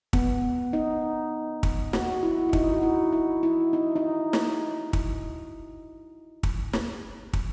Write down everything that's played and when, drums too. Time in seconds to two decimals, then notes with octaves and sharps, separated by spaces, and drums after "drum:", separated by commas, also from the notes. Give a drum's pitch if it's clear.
0.13 B3, drum: kick
0.73 D#4
1.63 drum: kick
1.93 F#4, drum: snare
2.23 E4
2.49 E4
2.53 D#4, drum: kick
2.73 F#4
2.83 E4
3.13 E4
3.43 E4
3.73 D#4
3.96 D#4
4.33 drum: snare
4.93 drum: kick
6.43 drum: kick
6.73 drum: snare
7.33 drum: kick